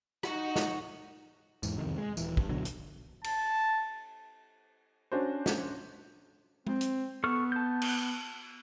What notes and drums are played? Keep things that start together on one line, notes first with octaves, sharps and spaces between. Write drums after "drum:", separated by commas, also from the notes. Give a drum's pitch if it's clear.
D#4 F#4, drum: rim click
drum: snare
E2 G#2, drum: tambourine
C2 F2 D#3
G#3
D#1 E3, drum: tambourine
G2, drum: kick
B2 D3 F#3
drum: hi-hat
A5, drum: cymbal
C#4 D4 F#4 C5
drum: snare
C4, drum: tom G#3
drum: hi-hat
B3 A4 C#6 F6
A5 G6
drum: cymbal